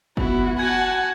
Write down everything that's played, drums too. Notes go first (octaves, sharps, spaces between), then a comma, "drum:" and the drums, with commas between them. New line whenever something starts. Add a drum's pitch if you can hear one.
B3 E4 F#4, drum: kick F#1
F#4 F#5 G#5 A5 G#6